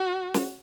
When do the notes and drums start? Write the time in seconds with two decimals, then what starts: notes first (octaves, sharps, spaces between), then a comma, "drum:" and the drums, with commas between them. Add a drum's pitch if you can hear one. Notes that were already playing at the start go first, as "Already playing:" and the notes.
Already playing: F#4
0.34 drum: snare